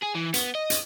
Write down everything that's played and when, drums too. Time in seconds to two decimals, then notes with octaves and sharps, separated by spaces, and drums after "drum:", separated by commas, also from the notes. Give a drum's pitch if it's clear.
0.02 G#4
0.15 E3
0.34 B3, drum: hi-hat
0.55 D#5
0.70 drum: hi-hat